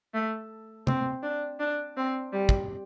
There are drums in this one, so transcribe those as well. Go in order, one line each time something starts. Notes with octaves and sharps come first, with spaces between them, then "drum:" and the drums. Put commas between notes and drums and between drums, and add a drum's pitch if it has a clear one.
A3
C4, drum: tom C3
D4
D4
C4
G3
drum: kick